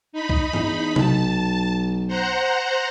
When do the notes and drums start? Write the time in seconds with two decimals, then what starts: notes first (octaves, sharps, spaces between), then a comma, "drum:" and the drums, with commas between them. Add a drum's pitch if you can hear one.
0.13 D#4 B5
0.29 drum: kick C2
0.53 E2, drum: tom G2
0.96 B1 A5, drum: tom C3
2.07 C5 F#5 A#5